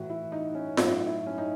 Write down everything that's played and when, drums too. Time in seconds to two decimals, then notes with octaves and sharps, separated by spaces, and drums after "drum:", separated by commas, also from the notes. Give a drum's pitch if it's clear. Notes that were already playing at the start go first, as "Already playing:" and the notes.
Already playing: A2 E3 F#4
0.10 E4
0.32 D#4
0.55 C#4
0.77 A2 F#3 D#4, drum: snare F4
1.07 E4
1.26 C#4
1.38 D#4